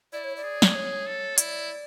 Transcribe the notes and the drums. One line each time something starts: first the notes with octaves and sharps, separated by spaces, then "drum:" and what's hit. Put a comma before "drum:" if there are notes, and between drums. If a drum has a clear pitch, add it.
E4 D5
C#5
D5
G#4
drum: snare
C#5
A4
E4 D5, drum: hi-hat